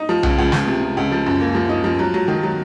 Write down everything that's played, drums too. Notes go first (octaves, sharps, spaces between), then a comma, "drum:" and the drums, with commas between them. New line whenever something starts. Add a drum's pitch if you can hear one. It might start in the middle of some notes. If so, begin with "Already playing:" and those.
Already playing: D#4
F3
C#2, drum: tom B1
C#2
C#2, drum: snare
C3
C3
C#2
F3
F#2
A#3
F3
D#4
F3
F#3
F#3
D#3
F#3